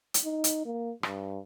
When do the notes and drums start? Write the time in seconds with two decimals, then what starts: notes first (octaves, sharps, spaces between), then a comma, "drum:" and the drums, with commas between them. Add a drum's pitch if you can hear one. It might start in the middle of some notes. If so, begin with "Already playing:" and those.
0.14 drum: hi-hat
0.24 D#4
0.44 drum: hi-hat
0.66 A#3
1.03 G2, drum: rim click